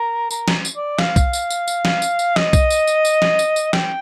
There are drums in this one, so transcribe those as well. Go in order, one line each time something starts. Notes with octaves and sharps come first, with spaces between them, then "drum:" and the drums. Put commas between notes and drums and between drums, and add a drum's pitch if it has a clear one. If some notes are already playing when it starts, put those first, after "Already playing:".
Already playing: A#4
A#4, drum: tambourine
drum: snare
drum: tambourine
D5
F5, drum: snare
drum: kick B1, tambourine
drum: tambourine
drum: tambourine
drum: tambourine
drum: snare
drum: tambourine
drum: tambourine
D#5, drum: snare
drum: kick B1, tambourine
drum: tambourine
drum: tambourine
drum: tambourine
drum: snare
drum: tambourine
drum: tambourine
G5, drum: snare